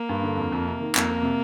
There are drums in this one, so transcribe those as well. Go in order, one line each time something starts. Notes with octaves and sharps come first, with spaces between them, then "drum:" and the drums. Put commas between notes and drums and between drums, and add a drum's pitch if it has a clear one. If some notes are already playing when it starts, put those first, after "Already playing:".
Already playing: A#3
G2
D3
F2
F2
C3
D#3
F2 A#3, drum: clap
F2
C3